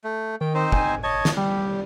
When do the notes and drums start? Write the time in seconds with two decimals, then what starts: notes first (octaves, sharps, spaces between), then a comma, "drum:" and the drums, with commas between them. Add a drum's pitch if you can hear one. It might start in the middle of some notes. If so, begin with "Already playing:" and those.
0.04 A3
0.41 D#3 G5
0.54 C4 D#4 C5
0.72 G#5, drum: kick
1.03 C#5 D#5 A5 G#6
1.25 drum: snare
1.37 G3 G4